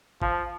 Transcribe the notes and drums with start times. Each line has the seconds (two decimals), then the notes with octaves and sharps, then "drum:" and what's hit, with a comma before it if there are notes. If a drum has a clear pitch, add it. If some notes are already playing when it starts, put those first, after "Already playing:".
0.22 F3, drum: kick